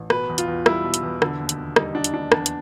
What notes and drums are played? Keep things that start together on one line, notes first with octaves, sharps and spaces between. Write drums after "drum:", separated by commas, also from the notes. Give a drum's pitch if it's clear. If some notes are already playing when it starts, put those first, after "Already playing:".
Already playing: A1
B2 B4, drum: rim click
E2
F4, drum: hi-hat
E2
G3 E4, drum: rim click
B2
drum: hi-hat
E2
D3, drum: rim click
D#2
drum: hi-hat
D#2
G3 D#4, drum: rim click
D3 D4
drum: hi-hat
D#2 D4
E2 D4, drum: rim click
drum: hi-hat